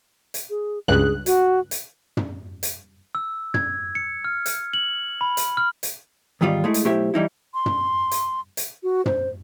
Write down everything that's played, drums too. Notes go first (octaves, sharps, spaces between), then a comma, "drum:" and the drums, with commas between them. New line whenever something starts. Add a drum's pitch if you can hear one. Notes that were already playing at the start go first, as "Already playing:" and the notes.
drum: hi-hat
G#4
C#2 G2 G#4 F#6
F#4, drum: hi-hat
drum: hi-hat
drum: tom
drum: hi-hat
E6
G#6, drum: tom
C#7
F6
drum: hi-hat
F#7
B5
drum: hi-hat
F6
drum: hi-hat
E2 G#2 D#3 G3 F4
G#3 A3 E4 G#4
drum: hi-hat
B1 A3 E4 G4 C5 E5
E3 G3 D#4 E4
C6
drum: tom
drum: hi-hat
drum: hi-hat
F#4
C5, drum: tom